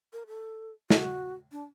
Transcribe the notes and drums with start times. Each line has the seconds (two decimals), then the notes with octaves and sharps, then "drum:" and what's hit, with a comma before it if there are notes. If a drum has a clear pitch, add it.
0.13 A#4
0.27 A4
0.90 F#4, drum: snare
1.52 D4